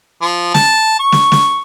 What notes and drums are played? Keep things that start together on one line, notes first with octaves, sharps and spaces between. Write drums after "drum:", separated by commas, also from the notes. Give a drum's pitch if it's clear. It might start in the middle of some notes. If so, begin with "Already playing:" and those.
F3
A5, drum: snare
C#6
drum: snare
drum: snare